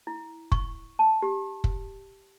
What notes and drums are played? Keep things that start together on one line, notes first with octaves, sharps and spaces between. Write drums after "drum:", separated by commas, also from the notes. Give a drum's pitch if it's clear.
E4
C#6, drum: kick
A5
G4
drum: kick